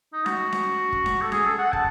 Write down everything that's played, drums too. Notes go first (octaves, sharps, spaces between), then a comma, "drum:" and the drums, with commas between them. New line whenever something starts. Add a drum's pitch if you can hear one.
D#4
F#4, drum: snare C#4
drum: snare C#4
drum: kick
drum: snare C#4
A4
G#4, drum: snare C#4
A4
F#5
A5, drum: kick